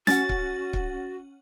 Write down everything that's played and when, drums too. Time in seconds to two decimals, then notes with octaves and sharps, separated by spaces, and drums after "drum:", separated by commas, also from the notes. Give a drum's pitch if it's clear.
0.07 C#4 F#4 F#5 A6, drum: snare
0.29 drum: kick C#1
0.73 drum: kick C#1